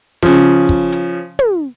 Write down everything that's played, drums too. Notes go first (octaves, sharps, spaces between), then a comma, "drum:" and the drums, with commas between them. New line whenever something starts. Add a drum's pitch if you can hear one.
C#3 F3, drum: snare
drum: kick
drum: hi-hat
drum: tom